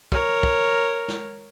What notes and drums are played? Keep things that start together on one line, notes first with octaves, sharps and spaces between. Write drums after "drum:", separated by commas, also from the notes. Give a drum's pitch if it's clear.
A#4 C#5, drum: kick
drum: kick
drum: snare